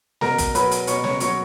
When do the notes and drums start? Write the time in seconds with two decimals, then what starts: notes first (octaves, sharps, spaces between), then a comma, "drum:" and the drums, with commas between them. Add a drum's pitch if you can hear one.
0.21 B2 A#4 A#5, drum: snare
0.38 drum: kick, hi-hat
0.55 F#3 B4 B5, drum: hi-hat
0.71 drum: hi-hat
0.87 B2 C#5 C#6, drum: hi-hat
1.04 C#5 C#6, drum: snare
1.20 F#3 C#5 C#6, drum: hi-hat